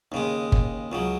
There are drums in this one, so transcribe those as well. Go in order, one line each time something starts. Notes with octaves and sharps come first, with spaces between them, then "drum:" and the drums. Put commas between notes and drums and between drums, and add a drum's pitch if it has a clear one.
D#2 C#3 G#3
drum: kick G1
C#2 C#3 F#3